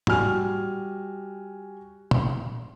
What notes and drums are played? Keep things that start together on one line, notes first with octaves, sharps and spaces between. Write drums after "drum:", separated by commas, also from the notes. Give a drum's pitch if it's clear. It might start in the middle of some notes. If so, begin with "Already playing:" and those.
G3 F#4 G#5 F6, drum: tom
drum: tom A#2